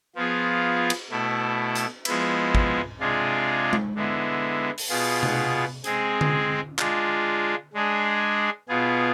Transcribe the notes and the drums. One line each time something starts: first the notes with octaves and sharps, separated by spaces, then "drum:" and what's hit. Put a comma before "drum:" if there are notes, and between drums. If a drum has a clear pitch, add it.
F3 B3 F4 G#4
drum: cymbal
B2 A3 E4
drum: hi-hat
F3 G#3 B3 E4, drum: cymbal
drum: kick G#1
C3 G#3 D4 F4 G#4
drum: tom G#3
D3 G#3 B3 E4
drum: open hi-hat
B2 B3 F4 G#4
drum: tom C3
G#3 C4 G#4, drum: hi-hat
drum: tom D3
G#3 D4 F4, drum: clap
G#3 D4 G#4
B2 B3 F4 G#4